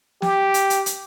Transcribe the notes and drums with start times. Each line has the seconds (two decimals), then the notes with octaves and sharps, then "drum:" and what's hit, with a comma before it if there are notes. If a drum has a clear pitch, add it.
0.22 G4, drum: snare
0.54 drum: hi-hat
0.70 drum: hi-hat
0.86 drum: hi-hat